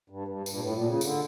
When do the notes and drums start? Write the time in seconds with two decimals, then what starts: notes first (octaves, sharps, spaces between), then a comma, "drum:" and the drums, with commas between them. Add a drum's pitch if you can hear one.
0.10 G2
0.28 G2
0.46 G2, drum: tambourine
0.54 A#2
0.59 A2
0.73 A#2
0.87 C#3
1.01 D3, drum: tambourine